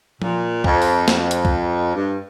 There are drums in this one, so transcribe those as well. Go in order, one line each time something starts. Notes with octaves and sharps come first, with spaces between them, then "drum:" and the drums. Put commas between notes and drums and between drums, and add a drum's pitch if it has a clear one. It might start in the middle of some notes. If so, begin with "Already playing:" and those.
A#2, drum: tom F3
F2, drum: kick
drum: open hi-hat
F2, drum: snare
drum: hi-hat
drum: kick
G2